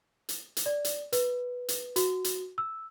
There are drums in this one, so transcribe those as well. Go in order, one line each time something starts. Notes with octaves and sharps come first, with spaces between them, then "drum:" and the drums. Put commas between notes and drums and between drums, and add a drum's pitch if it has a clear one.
drum: hi-hat
drum: hi-hat
D5
drum: hi-hat
B4, drum: hi-hat
drum: hi-hat
F#4, drum: hi-hat
drum: hi-hat
E6